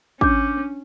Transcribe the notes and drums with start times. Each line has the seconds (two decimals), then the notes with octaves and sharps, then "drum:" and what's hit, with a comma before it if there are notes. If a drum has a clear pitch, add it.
0.21 C#4 D4 D6 G6, drum: kick